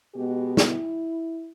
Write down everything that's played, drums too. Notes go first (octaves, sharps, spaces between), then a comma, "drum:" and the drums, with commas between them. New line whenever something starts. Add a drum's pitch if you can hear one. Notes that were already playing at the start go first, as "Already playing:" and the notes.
B2 G#3 B3 G4
E4, drum: snare